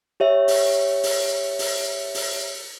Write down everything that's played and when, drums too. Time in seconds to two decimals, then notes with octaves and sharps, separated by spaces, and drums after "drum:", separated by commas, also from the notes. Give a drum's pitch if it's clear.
0.20 G4 C#5 E5
0.48 drum: open hi-hat
1.03 drum: open hi-hat
1.59 drum: open hi-hat
2.14 drum: open hi-hat